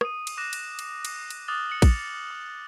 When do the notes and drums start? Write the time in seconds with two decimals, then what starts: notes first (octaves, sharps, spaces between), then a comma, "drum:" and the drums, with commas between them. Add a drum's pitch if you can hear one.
0.01 D#6 D#7, drum: rim click
0.27 drum: cymbal
0.37 D6 F#6 A#6 E7
0.53 drum: cymbal
0.79 drum: cymbal
1.05 drum: cymbal
1.30 drum: cymbal
1.48 D6 D#6 F6 F#6 A6 G7
1.69 C#7 F#7
1.82 drum: kick, cymbal
2.04 C#7
2.31 D#6